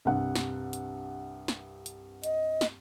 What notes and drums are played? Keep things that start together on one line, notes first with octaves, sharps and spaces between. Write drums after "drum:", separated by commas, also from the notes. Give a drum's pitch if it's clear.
C2 G2 F#5
drum: snare
drum: hi-hat
drum: snare
drum: hi-hat
D#5, drum: hi-hat
drum: snare